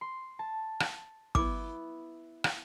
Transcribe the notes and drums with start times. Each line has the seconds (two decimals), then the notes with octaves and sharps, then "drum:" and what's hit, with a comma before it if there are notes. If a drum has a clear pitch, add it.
0.01 C6
0.39 A5
0.80 drum: rim click
1.35 B3 E4 D6, drum: kick
2.44 drum: rim click